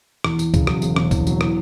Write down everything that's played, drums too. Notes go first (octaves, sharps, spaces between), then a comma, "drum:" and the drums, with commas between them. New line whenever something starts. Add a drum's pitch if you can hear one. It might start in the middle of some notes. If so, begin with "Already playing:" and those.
E2, drum: rim click
E2, drum: tambourine
C#3, drum: kick, tambourine
F#3, drum: rim click
E1, drum: tambourine
E1, drum: rim click
E2, drum: kick, tambourine
F#3, drum: tambourine
E3, drum: rim click